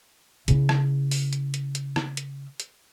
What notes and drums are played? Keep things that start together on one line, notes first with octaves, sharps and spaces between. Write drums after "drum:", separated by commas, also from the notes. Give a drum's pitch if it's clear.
C#3 E4, drum: hi-hat
drum: rim click
drum: open hi-hat
drum: hi-hat
drum: hi-hat
drum: hi-hat
drum: rim click
drum: hi-hat
drum: hi-hat